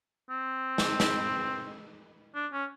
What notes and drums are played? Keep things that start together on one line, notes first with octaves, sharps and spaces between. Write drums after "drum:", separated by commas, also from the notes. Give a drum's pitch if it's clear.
C4
drum: snare
drum: snare
D4
C#4